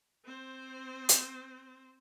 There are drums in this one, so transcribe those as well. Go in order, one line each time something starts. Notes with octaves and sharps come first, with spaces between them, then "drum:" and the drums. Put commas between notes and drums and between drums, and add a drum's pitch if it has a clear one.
C4 C5
drum: hi-hat